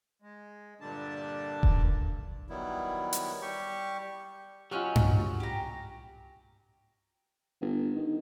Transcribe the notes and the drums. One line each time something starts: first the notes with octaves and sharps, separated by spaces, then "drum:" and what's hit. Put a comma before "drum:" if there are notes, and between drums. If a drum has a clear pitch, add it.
G#3
G2 A#2 D3 G3 D4 A5
drum: kick E1
D#3 F#3 G3 B3 E4
drum: hi-hat
G3 G4 C#6
F#3 C#4 D#4 F4 G4 F6 F#6
drum: tom G2
G4 A#5
G1
D#3